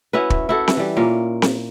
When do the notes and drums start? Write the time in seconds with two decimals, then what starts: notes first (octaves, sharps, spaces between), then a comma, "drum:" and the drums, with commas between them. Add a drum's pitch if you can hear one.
0.13 C#4 E4 F#4 B4
0.30 drum: kick
0.49 E4 F#4 A4
0.68 drum: snare C4
0.77 E3 G3
0.97 A#2 A#3 C#4
1.42 drum: snare C4